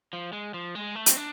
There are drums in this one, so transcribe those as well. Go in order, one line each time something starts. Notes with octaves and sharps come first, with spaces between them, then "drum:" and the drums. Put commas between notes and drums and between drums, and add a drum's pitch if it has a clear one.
F3
G#3
F3
G#3
A3
C4, drum: hi-hat
D4